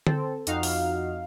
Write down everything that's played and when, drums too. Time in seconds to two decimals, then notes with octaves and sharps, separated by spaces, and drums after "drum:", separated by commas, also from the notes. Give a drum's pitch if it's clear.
0.07 C4 A4, drum: tom D3
0.47 F2 D#4 F#4 F5, drum: hi-hat
0.63 drum: open hi-hat